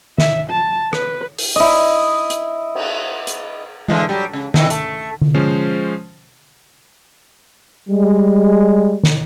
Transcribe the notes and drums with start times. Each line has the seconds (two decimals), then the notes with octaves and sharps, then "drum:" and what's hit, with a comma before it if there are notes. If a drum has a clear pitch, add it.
0.18 E5, drum: snare
0.50 A5
0.93 B4, drum: rim click
1.38 drum: open hi-hat
1.56 E4 D#5
2.30 drum: hi-hat
2.75 drum: cymbal
3.27 drum: hi-hat
3.88 D3 E3 G#3, drum: tom G#3
4.09 F#3 G3
4.33 C#3
4.54 E2 D#3 E3, drum: snare
4.70 A3, drum: hi-hat
5.21 drum: tom D3
5.34 F3 G#3 C#4 C5
7.89 G3 G#3
9.03 drum: snare